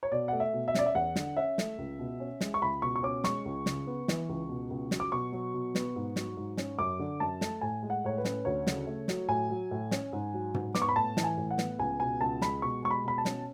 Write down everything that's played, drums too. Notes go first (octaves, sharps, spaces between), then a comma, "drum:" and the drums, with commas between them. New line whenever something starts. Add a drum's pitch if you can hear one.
C#5
B2 D5
A3 F#5
E5
B2
E5
C#4 D5, drum: snare
E5
E2 F#5
D3, drum: snare
C#4 E5
A3, drum: snare
C#2
B2
C#4
G#3, drum: snare
C#6
C#2 B5
B2 C#6
C#6
C#4 D6
G#3 C#6, drum: snare
C#2
C#3, drum: snare
B3
E3, drum: snare
C#2
B2
C#2
F#3, drum: snare
D6
B2 C#6
F#3
B2
B3, drum: snare
G#2
F#3, drum: snare
G#2
C#4, drum: snare
F#2 D6
D3
F#2 A5
A3, drum: snare
A2 G#5
G#3
F#5
A2 C#5
B4
C#4, drum: snare
D2 C#5
C#3, drum: snare
A3
F#3, drum: snare
A2 G#5
F#3
A2
C#4, drum: snare
G#2
F#3
G#2, drum: tom
B3 D6, drum: snare
C#6
B5
A2 A5
E3, drum: snare
G#5
A2
F#5
B3, drum: snare
C#2 G#5
B2 G#5
C#2 A5
G#3 B5, drum: snare
B2 C#6
G#3 C#6
B5
B2 B5
A5
C#4, drum: snare